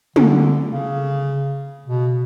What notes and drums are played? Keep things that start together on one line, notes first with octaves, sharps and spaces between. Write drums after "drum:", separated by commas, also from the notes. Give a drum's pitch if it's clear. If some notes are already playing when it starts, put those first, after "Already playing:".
D3, drum: tom
C#3
B2